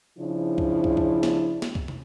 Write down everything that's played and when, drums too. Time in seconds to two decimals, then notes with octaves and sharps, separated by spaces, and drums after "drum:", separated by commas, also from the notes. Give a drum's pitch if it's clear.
0.19 C#3 F3 D4 E4
0.58 drum: kick
0.84 drum: kick
0.97 drum: kick
1.23 drum: snare
1.62 drum: snare
1.75 drum: kick
1.88 drum: tom